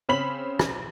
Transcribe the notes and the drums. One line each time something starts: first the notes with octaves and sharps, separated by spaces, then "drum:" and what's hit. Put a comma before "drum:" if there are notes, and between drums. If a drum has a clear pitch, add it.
C#3 C4 C#4 B5 B6 F#7
drum: rim click